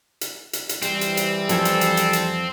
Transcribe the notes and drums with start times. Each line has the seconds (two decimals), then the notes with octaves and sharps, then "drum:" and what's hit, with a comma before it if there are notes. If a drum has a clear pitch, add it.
0.21 drum: hi-hat
0.53 drum: hi-hat
0.69 drum: hi-hat
0.82 E3 G3 C4, drum: hi-hat
1.01 drum: hi-hat
1.17 drum: hi-hat
1.49 F2 F3 A4 G#5, drum: hi-hat
1.65 drum: hi-hat
1.81 drum: hi-hat
1.97 drum: hi-hat
2.13 drum: hi-hat